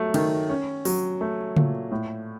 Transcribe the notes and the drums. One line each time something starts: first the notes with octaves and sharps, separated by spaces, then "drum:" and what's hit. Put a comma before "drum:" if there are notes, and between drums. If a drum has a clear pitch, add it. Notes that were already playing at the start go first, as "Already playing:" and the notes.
Already playing: F#3 A3
D#3, drum: cymbal
C#4
F#3, drum: open hi-hat
A3
A#2, drum: tom C#3
A2